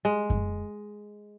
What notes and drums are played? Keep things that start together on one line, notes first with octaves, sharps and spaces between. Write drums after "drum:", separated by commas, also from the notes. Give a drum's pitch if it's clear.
G#3
drum: kick F#2